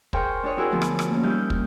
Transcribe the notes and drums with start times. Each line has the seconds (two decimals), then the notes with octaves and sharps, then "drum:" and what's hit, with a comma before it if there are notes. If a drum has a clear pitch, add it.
0.13 G#4 A#4 C5 F5 G5 C#6, drum: kick
0.43 D4 F4 C#5 D#5
0.57 C4 D#4 E4 F#4 G#4 A#4
0.72 D2 F3 B3 C4
0.82 drum: rim click
0.99 drum: rim click
1.10 A#3 C#4
1.23 G3 D#4 E4 F5 G6
1.50 drum: kick